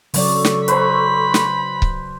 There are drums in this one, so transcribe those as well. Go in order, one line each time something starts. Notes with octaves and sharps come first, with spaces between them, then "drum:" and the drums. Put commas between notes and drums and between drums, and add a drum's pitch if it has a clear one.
C#3 F#3 A4 D5 C#6, drum: open hi-hat
drum: snare
B4 C5 A#5 B5, drum: hi-hat
drum: snare
drum: kick C#1